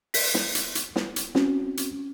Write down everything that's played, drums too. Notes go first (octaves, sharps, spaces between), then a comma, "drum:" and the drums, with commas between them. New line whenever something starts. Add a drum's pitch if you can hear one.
B6, drum: open hi-hat
drum: snare
drum: hi-hat
drum: hi-hat
drum: snare
drum: hi-hat
C4 C#4 F#4, drum: snare
drum: hi-hat